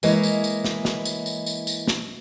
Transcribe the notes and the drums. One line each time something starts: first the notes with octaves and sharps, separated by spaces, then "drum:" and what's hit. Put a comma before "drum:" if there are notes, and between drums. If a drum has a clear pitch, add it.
E3 G#3 A#3 E4 C#5 D#5, drum: tambourine
drum: tambourine
drum: tambourine
drum: snare
drum: snare
drum: tambourine
drum: tambourine
drum: tambourine
drum: tambourine
drum: snare